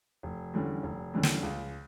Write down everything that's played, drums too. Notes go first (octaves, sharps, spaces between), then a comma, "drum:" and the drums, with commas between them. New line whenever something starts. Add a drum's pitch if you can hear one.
F1
E2 D3 G3 C#4
F1
E2 D3 G3 C#4
drum: snare
C#2